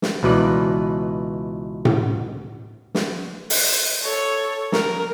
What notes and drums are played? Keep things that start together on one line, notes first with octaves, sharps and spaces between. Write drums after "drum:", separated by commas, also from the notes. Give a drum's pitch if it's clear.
drum: snare
C#2 B2 E3 B4 D5
drum: tom A2
drum: snare
drum: open hi-hat
A4 C#5
A#4, drum: snare